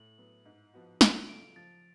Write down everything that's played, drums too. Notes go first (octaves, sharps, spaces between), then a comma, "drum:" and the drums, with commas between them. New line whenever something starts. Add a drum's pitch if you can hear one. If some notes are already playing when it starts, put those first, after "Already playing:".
Already playing: A2 F#7
F#3 B3
G#2
F3 B3 F#4
C#3 F7, drum: snare
D7
F7
F#3 A3 F4 D7
F3 A6